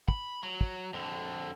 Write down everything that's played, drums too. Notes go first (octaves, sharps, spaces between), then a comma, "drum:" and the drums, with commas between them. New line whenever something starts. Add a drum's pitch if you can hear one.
B5, drum: kick
F#3
drum: kick
F2 D3